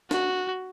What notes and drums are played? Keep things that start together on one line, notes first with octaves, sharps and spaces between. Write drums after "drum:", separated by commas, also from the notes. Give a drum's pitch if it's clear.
F#4, drum: snare